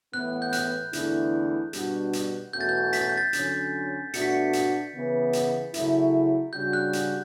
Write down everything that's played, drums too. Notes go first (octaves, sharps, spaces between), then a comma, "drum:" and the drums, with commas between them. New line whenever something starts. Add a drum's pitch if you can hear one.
A2 E3 B3 F#6
G6
F#6, drum: hi-hat
E2 D3 A3 E4, drum: hi-hat
B2 G3 D4 F#4, drum: hi-hat
drum: hi-hat
E2 B2 A3 C#4 F#4 G6
A6
G6
B6, drum: hi-hat
A6
G6
A6
D3 F#3 C#4, drum: hi-hat
B2 A3 D4 F#4 C#7, drum: hi-hat
B6
C#7
drum: hi-hat
C#3 E3 B3
drum: hi-hat
C#3 F#3 A3 E4, drum: hi-hat
C#3 G3 D4 F#4 G6
F#6
drum: hi-hat